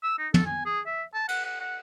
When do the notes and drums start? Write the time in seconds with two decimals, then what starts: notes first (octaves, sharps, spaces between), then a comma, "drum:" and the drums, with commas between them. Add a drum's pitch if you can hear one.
0.03 E6
0.18 D#4
0.34 A4, drum: tom
0.46 G#5
0.66 G#4
0.86 E5
1.14 A5
1.28 F#5, drum: cymbal
1.45 F#5
1.60 F#5